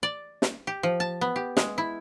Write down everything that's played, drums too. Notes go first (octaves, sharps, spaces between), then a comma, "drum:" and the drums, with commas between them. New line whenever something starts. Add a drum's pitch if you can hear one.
D5
drum: snare
G4
F3
A5
B3
G4
G#3, drum: snare
E4